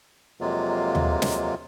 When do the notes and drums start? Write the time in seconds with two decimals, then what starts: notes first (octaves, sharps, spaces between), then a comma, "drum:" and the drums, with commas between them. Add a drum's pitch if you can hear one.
0.41 F2 C3 F#3 G#3 A#3 F4
0.95 drum: tom D#2
1.22 drum: snare